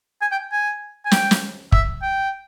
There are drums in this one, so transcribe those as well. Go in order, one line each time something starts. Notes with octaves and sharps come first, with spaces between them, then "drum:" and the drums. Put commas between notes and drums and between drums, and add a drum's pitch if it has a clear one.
G#5
G5
G#5
G#5
G5, drum: snare
drum: snare
E5, drum: kick
G5